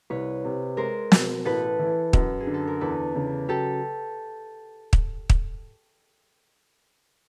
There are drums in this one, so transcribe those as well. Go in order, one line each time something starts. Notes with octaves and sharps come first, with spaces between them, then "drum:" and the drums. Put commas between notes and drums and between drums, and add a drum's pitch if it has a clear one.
C2 B4 C#5
C3
G#3 A#4 C5
B2, drum: snare
A1 A4 B4
E3
F#2, drum: kick
G#4
D3
A4
A#4
E2 A4 B4
C#3
F#3 G4 A4
drum: kick
drum: kick